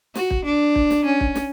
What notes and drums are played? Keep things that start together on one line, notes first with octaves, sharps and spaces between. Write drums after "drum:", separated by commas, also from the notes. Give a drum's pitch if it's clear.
F#4, drum: snare
drum: kick
D4
drum: kick
drum: snare
C#4
drum: kick
drum: snare